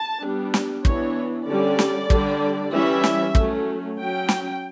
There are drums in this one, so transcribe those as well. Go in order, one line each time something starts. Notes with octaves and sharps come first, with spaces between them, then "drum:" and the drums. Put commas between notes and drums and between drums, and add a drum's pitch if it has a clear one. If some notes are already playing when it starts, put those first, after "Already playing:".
Already playing: A5
G3 B3 D4
drum: snare
E3 B3 D4 C#5, drum: kick
D3 G3 C#4 D5
drum: snare
D3 G3 D4, drum: kick
E3 G3 C#4 E5
drum: snare
F#3 A3 C#4, drum: kick
F#3 C#4 G5
drum: snare